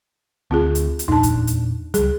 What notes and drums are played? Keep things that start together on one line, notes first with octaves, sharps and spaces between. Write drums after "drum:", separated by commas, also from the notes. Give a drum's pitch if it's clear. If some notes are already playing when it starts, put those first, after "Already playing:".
D2 C4 F4 G#4
drum: hi-hat
drum: hi-hat
E2 A#2 D4 D#4 A5
drum: kick F#2, hi-hat
drum: hi-hat
C#2 G3 G#4, drum: hi-hat